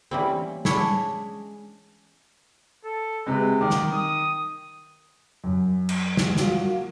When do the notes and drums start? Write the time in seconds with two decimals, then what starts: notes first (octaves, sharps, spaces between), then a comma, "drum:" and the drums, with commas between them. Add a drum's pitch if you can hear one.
0.11 E3 G3 A#3 C4 C#4
0.65 G#3 C#4 D4 E4 C#5, drum: snare
2.84 A4
3.26 C3 G#3 B4
3.61 D#3 D6
3.70 drum: snare
3.92 D#6
5.44 F#2
5.89 drum: cymbal
6.17 drum: snare
6.37 F3 A#3 F#4, drum: snare